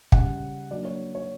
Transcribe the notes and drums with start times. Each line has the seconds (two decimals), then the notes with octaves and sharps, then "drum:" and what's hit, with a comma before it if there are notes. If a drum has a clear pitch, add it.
0.12 C#3 G3 C#4 F#5, drum: kick
0.71 F#3 A#3 D4 D5
0.85 C#5
1.15 C#5